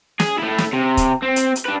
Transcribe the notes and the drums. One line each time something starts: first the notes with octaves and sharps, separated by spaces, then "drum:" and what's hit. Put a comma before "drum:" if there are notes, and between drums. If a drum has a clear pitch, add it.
G#4, drum: snare
A3 E4
drum: snare
C3
drum: kick, hi-hat
C4
drum: hi-hat
drum: hi-hat
D4 B4